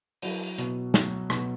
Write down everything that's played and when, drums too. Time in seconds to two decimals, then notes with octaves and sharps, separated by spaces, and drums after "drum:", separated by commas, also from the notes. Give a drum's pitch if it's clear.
0.22 F#3 E4, drum: open hi-hat
0.58 B2, drum: hi-hat
0.94 F#3, drum: snare
1.30 B2, drum: rim click